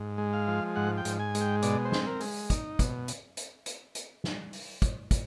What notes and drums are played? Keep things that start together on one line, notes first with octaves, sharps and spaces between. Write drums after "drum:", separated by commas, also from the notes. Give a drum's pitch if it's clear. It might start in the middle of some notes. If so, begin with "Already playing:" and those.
Already playing: G#2
G#3
F5
F3
G#2 F#5
G5
G#2, drum: hi-hat
G#5
G#3, drum: hi-hat
G5
B2 D5, drum: hi-hat
C5
C4, drum: snare
A#4
G#3, drum: open hi-hat
D#4, drum: kick, hi-hat
B2, drum: kick, hi-hat
drum: hi-hat
drum: hi-hat
drum: hi-hat
drum: hi-hat
drum: snare
drum: open hi-hat
drum: kick, hi-hat
drum: kick, hi-hat